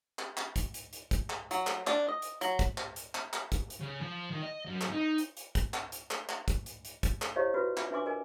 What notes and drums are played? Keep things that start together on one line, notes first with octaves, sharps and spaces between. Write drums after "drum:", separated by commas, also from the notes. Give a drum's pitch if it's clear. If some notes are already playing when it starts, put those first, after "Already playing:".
drum: clap
drum: clap
drum: kick, hi-hat
drum: hi-hat
drum: hi-hat
drum: kick, hi-hat
drum: clap
F#3, drum: hi-hat
drum: clap
D4, drum: clap
D#5
drum: hi-hat
F#3, drum: hi-hat
drum: kick, hi-hat
drum: clap
drum: hi-hat
drum: clap
drum: clap
drum: kick, hi-hat
drum: hi-hat
C#3
F3
D#3
D#5
F#2
drum: clap
D#4
drum: hi-hat
drum: hi-hat
drum: kick, hi-hat
drum: clap
drum: hi-hat
drum: clap
drum: clap
drum: kick, hi-hat
drum: hi-hat
drum: hi-hat
drum: kick, hi-hat
drum: clap
E4 G4 C5 C#5 D#5 F5
F4 F#4 B4
F4 E5 D6, drum: clap
D4 B4 E5 G#5 C6 D6
A#4 D#5 G#5